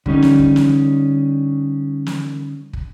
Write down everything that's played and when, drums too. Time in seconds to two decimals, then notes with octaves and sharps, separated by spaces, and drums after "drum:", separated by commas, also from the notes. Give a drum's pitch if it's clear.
0.06 D3 G3 C#4 D#4, drum: kick
0.22 drum: snare
0.39 drum: kick
0.56 drum: snare
2.06 drum: snare
2.73 drum: kick